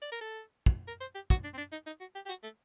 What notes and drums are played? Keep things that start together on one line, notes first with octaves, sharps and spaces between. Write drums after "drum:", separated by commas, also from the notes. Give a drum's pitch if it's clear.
D5
A#4
A4
drum: kick
A#4
C5
G4
F#4, drum: kick
D4
C4
D4
D#4
D#4
F#4
G4
G4
F#4
A3